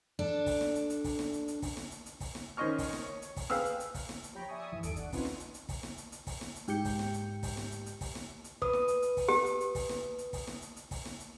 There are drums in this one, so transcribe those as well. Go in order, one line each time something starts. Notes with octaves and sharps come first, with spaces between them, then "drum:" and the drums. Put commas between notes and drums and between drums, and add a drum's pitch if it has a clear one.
D4 A4
drum: kick, open hi-hat
drum: snare
drum: hi-hat
drum: hi-hat
drum: kick, open hi-hat
drum: snare
drum: hi-hat
drum: hi-hat
drum: kick, open hi-hat
drum: snare
drum: hi-hat
drum: hi-hat
drum: kick, open hi-hat
drum: snare
D#3 C#4 C5 D#5 C#6 F6
drum: kick, open hi-hat
drum: snare
C#5
drum: hi-hat
drum: kick, open hi-hat
G#4 B4 F5 G5 E6 F6, drum: snare
drum: hi-hat
drum: hi-hat
drum: kick, open hi-hat
drum: snare
drum: hi-hat
F3 G4 C#5 G5 A#5 B5
D5 E5 G#5 C#6 D#6
D2 G2 E3 E5 D#6
G1 D#2 A4 D7, drum: hi-hat
D4 F#5, drum: hi-hat
C4 C#4 D#4 F4 B4 G#5, drum: kick, open hi-hat
drum: snare
drum: hi-hat
drum: hi-hat
drum: kick, open hi-hat
drum: snare
drum: hi-hat
drum: hi-hat
drum: kick, open hi-hat
drum: snare
drum: hi-hat
G#2 G4 G6 C#7, drum: hi-hat
drum: kick, open hi-hat
drum: snare
drum: hi-hat
drum: kick, open hi-hat
drum: snare
drum: hi-hat
drum: hi-hat
drum: kick, open hi-hat
drum: snare
drum: hi-hat
B4 D#6, drum: kick
drum: snare
drum: hi-hat
drum: hi-hat
drum: kick, open hi-hat
G4, drum: snare
drum: hi-hat
drum: hi-hat
drum: kick, open hi-hat
drum: snare
drum: hi-hat
drum: kick, open hi-hat
drum: snare
drum: hi-hat
drum: hi-hat
drum: kick, open hi-hat
drum: snare
drum: hi-hat